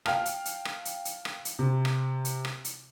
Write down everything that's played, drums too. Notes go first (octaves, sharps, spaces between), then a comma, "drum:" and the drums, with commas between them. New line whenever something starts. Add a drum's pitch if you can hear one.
F5 G5 A5 F6, drum: rim click
drum: hi-hat
drum: hi-hat
drum: rim click
drum: hi-hat
drum: hi-hat
drum: rim click
drum: hi-hat
C3
drum: rim click
drum: hi-hat
drum: rim click
drum: hi-hat